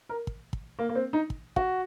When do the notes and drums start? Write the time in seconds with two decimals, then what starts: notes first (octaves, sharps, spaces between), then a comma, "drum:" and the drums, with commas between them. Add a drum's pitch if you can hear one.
0.09 A#4
0.27 drum: kick
0.53 drum: kick
0.79 A#3
0.89 A#3
0.95 C4
1.13 D#4
1.30 drum: kick
1.56 F#4, drum: kick